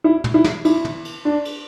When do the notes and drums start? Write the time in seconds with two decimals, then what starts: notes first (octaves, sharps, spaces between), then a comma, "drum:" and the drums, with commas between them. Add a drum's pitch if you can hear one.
0.04 E4
0.24 drum: tom
0.34 E4
0.44 drum: snare
0.65 E4, drum: cymbal
0.85 drum: tom
1.05 drum: cymbal
1.25 D4
1.45 drum: cymbal